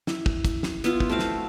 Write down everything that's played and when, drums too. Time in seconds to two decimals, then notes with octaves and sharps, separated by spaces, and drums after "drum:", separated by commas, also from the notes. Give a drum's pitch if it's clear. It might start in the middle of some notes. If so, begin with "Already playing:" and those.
0.07 E4, drum: snare
0.26 drum: kick
0.45 drum: kick, hi-hat
0.63 drum: snare
0.84 B3 E4 F4, drum: hi-hat
1.00 drum: kick
1.09 A3 C4 F#4 F5
1.19 drum: snare